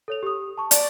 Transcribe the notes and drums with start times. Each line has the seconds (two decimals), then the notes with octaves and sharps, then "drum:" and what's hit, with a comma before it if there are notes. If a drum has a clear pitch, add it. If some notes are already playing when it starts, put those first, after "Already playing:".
0.08 A4 C#5 F7
0.23 G4 D#6
0.58 A5 C#6
0.71 D5, drum: hi-hat